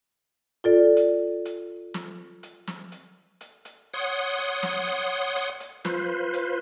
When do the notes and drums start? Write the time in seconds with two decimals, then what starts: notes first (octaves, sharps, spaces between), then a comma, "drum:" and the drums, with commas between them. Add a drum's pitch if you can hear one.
0.64 F4 A4 D5
0.97 drum: hi-hat
1.45 drum: hi-hat
1.94 drum: snare
2.43 drum: hi-hat
2.67 drum: snare
2.92 drum: hi-hat
3.41 drum: hi-hat
3.65 drum: hi-hat
3.94 C#5 F#5 C6 D#6
4.38 drum: hi-hat
4.63 drum: snare
4.87 drum: hi-hat
5.36 drum: hi-hat
5.60 drum: hi-hat
5.85 F4 B4 C5, drum: snare
6.33 drum: hi-hat